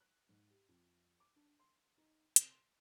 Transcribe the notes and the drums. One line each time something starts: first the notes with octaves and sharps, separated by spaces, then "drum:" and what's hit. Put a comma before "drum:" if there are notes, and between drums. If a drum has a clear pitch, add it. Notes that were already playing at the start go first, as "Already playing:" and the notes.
F#6
G#2
G4
F2
D6
D4
C6
D#4
C3, drum: hi-hat
C6